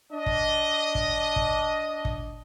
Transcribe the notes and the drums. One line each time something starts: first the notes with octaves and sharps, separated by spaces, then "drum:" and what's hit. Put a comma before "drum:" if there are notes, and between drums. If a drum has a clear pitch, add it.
D4 D#5
drum: kick
drum: kick
drum: kick
drum: kick